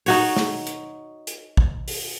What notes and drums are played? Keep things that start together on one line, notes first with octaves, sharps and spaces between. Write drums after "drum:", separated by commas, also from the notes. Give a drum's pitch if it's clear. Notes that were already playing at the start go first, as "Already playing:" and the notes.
D#4 F#4 C#5, drum: open hi-hat
drum: snare
drum: hi-hat
drum: hi-hat
drum: kick A1
drum: open hi-hat